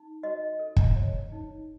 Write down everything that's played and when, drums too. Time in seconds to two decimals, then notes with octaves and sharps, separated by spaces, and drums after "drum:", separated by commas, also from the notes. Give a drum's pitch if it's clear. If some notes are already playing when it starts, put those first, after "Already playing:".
Already playing: D#4
0.23 F#4 D#5
0.59 A4
0.76 drum: kick
0.96 C#5
1.32 D#4